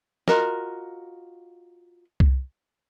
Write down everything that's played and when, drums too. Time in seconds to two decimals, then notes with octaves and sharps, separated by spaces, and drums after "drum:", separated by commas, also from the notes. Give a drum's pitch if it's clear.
0.28 F4 F#4 A#4 D#5, drum: snare
2.20 drum: kick C2